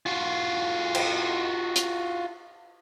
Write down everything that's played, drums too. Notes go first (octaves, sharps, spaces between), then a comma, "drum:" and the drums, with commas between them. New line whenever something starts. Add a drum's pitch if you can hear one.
F4 F#4
drum: cymbal
drum: hi-hat